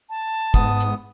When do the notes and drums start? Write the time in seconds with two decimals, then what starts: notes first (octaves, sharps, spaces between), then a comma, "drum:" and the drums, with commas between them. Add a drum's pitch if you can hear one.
0.10 A5
0.54 G#2 B3 D#6, drum: kick, hi-hat
0.80 drum: hi-hat